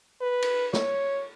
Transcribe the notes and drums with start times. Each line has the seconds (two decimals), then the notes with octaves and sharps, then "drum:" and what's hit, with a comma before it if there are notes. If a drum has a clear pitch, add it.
0.21 B4
0.42 drum: cymbal
0.73 C#5, drum: snare